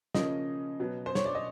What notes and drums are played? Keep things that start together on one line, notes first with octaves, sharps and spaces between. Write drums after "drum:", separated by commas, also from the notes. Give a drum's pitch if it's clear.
C#3 F3 A#3 C#4 D#5, drum: snare
B2 F#3 B3
C5
C#5, drum: snare
D5
D#5